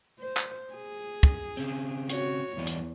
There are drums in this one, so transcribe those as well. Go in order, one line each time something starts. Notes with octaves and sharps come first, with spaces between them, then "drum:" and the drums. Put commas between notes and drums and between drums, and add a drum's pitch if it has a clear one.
C5
drum: clap
G#4
drum: kick
C#3 C4
F#4 C#5, drum: hi-hat
E2 G2 E3 D5
drum: hi-hat